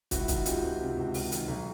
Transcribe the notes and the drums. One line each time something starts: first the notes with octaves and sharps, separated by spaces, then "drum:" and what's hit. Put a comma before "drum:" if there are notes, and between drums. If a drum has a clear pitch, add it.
C#2 E4 F#4, drum: kick, hi-hat
D#3, drum: kick, hi-hat
C#2 F4 G4, drum: hi-hat
C#2
C3
C#2
C#2, drum: open hi-hat
D#3, drum: hi-hat
B1